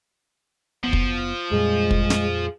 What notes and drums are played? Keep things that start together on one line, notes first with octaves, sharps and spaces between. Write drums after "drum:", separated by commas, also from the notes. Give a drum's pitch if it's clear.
F#1 F3 B3
drum: kick
F2 A#2 G3 G#3 G#4
drum: kick
drum: snare